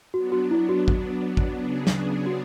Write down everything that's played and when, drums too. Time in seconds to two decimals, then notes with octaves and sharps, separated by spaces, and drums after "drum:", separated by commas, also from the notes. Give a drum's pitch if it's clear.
0.14 F#3 B3 D4 F#4
0.32 F#4
0.51 E4
0.69 F#4
0.88 drum: kick
1.37 drum: kick
1.62 C#3 F#3 B3 D4 G#4
1.87 drum: snare
2.26 F#4